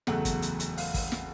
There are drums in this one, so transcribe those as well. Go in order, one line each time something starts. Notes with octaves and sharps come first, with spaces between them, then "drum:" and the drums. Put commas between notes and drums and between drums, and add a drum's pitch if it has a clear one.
F#1 E2 C#3 F#3 A3 F#5, drum: snare
drum: kick, hi-hat
drum: hi-hat
drum: hi-hat
F5, drum: open hi-hat
drum: kick, open hi-hat
drum: snare